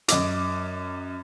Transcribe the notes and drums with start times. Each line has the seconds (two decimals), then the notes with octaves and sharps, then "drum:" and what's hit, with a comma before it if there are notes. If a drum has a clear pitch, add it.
0.08 F#2 D#5 D6, drum: hi-hat